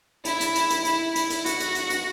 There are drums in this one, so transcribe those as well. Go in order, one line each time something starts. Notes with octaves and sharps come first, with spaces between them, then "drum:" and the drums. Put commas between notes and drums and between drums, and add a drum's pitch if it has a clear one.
E4, drum: hi-hat
drum: hi-hat
drum: hi-hat
drum: hi-hat
E4, drum: hi-hat
E4, drum: hi-hat
drum: hi-hat
F#4, drum: hi-hat
drum: hi-hat
drum: hi-hat
drum: hi-hat